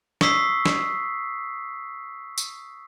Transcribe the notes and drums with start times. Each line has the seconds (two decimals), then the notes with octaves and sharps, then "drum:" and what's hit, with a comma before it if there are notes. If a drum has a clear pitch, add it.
0.21 C#6 D#6 E6 B6 C7, drum: snare
0.66 drum: snare
2.38 drum: tambourine